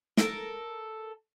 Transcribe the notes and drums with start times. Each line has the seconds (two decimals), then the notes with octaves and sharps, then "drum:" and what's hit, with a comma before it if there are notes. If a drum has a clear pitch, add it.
0.17 A4 A#4, drum: snare